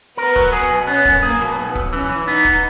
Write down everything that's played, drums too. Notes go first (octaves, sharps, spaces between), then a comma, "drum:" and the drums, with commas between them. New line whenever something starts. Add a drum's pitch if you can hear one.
B3 A#4
F#3, drum: kick
G#4
B2
B3 C#4
F#2, drum: kick
A#3 G#4
B2
B1 B3
B1, drum: kick
E3 C#4
E3
B3 D#4
drum: kick